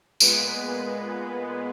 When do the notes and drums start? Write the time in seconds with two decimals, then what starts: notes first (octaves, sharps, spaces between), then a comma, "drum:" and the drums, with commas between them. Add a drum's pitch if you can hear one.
0.20 A#2 G#3 B3 B4, drum: tambourine